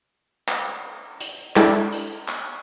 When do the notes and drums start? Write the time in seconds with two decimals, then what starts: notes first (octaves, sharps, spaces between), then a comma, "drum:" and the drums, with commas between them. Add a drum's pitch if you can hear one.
0.48 drum: clap
1.20 drum: hi-hat
1.56 G#3 D4 E4 G4 A4, drum: clap
1.92 drum: hi-hat
2.28 drum: clap